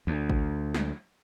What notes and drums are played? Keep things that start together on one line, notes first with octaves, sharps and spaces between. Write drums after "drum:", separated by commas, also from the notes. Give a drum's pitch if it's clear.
D2
drum: kick A1
drum: snare